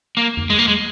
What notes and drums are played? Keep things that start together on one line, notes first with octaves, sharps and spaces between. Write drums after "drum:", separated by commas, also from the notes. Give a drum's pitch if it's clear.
A#3
drum: tom F2
G#3
A#3
G#3